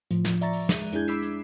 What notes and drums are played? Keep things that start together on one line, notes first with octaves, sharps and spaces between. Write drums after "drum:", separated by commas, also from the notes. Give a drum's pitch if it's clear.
A2 F3, drum: hi-hat
drum: snare
D5 E5 A#5 C#6 A6, drum: hi-hat
drum: open hi-hat
G#3 F#6 D#7, drum: snare
drum: open hi-hat
F2 D4 E4 G#4 G6 G#6, drum: hi-hat
B5 D6 E6 B6 C7, drum: hi-hat
drum: hi-hat